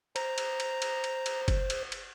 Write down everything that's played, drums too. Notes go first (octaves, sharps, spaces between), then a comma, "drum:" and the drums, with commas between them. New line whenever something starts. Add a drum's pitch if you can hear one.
C5 A#5, drum: cymbal
drum: cymbal
drum: cymbal
drum: cymbal
drum: cymbal
drum: cymbal
drum: kick F#1, cymbal
drum: cymbal
drum: cymbal